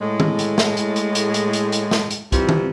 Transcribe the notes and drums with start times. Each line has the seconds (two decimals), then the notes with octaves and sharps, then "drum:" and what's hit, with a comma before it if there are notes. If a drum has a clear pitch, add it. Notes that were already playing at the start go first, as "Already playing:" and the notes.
0.01 A2 G#3
0.20 drum: tom D#3
0.39 drum: hi-hat
0.58 drum: snare
0.77 drum: hi-hat
0.96 drum: hi-hat
1.15 drum: hi-hat
1.34 drum: hi-hat
1.53 drum: hi-hat
1.72 drum: hi-hat
1.91 drum: snare
2.11 drum: hi-hat
2.32 C3 E3 F3 G3, drum: kick, hi-hat
2.49 drum: tom D#3